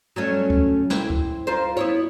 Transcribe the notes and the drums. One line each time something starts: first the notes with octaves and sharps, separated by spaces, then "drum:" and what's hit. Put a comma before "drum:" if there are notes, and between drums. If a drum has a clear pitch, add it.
F#3 A3 C#4
drum: kick C#2
C4 E4, drum: snare
drum: kick C#2
F4 A#4 C5
B3 E4 C#5